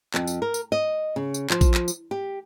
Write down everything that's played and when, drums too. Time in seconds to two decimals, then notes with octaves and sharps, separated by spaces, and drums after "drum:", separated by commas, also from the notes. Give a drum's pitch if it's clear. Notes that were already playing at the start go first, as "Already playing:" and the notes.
0.14 F2, drum: clap
0.27 drum: tambourine
0.42 A#4
0.54 drum: tambourine
0.72 D#5
1.16 C#3
1.34 drum: tambourine
1.50 F3, drum: clap
1.61 drum: kick A#1, tambourine
1.74 drum: clap
1.88 drum: tambourine
2.11 G4